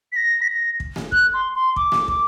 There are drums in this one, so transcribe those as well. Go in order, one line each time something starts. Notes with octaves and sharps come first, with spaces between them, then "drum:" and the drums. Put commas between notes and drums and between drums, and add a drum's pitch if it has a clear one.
B6
A#6
B6
A#6
drum: kick
drum: snare A3
F#6, drum: kick
C6
C6
D6, drum: kick
drum: snare A3
D6, drum: kick